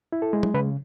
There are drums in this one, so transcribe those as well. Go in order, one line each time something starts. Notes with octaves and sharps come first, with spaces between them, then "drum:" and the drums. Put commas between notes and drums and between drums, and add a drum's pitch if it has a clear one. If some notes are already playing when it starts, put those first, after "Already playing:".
E4
A4
G#3
drum: tom
C#3 B4